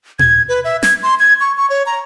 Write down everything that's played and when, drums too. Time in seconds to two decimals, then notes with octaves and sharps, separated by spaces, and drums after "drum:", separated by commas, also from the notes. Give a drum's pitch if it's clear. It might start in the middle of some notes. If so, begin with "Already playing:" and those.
0.19 G#6, drum: tom
0.49 B4
0.64 E5
0.83 G#6, drum: snare
1.03 C6
1.19 G#6
1.40 C#6
1.57 C#6
1.70 C#5
1.86 A#5